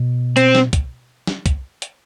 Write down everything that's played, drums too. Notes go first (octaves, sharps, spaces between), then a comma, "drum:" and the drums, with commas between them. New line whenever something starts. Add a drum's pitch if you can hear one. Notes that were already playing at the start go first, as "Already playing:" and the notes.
Already playing: B2
C4, drum: hi-hat
drum: snare
drum: kick, hi-hat
drum: snare
drum: kick, hi-hat
drum: hi-hat